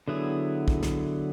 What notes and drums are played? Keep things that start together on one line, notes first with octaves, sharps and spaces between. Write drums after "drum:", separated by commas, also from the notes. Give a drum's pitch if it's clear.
D3 F#3 B3 E4 G#4
drum: kick
drum: snare